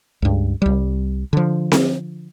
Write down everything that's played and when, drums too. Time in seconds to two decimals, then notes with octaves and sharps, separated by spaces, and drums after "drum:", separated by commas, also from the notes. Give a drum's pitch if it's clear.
0.22 C#2 G2
0.62 C2 G3
1.33 D3 F3
1.72 drum: snare C4